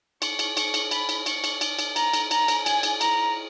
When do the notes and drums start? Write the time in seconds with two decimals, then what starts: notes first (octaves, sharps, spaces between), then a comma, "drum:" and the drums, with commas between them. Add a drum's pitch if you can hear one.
0.22 C#6, drum: cymbal
0.39 drum: cymbal
0.57 C#6, drum: cymbal
0.74 drum: cymbal
0.91 B5, drum: cymbal
1.09 drum: cymbal
1.26 C#6, drum: cymbal
1.44 drum: cymbal
1.61 drum: cymbal
1.79 drum: cymbal
1.96 A#5, drum: cymbal
2.13 drum: cymbal
2.31 A#5, drum: cymbal
2.48 drum: cymbal
2.66 G#5, drum: cymbal
2.83 drum: cymbal
3.01 A#5, drum: cymbal